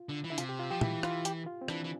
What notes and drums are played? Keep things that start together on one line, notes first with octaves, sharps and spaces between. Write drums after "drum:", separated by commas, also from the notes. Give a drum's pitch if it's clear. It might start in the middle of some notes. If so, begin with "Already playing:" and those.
Already playing: F4
D3
E3
D3 E4
C3 F4, drum: hi-hat
G4
F4
F3 G4
E3 E4, drum: tom A#2
F4, drum: rim click
G4, drum: hi-hat
F4
C4
E3 D4, drum: rim click
E3